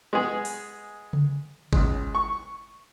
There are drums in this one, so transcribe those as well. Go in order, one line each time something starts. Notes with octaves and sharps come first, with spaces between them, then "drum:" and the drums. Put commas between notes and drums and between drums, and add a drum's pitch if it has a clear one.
G#3 B3 G#4
drum: open hi-hat
drum: tom C#3
C#2 G#3, drum: kick G1
C#6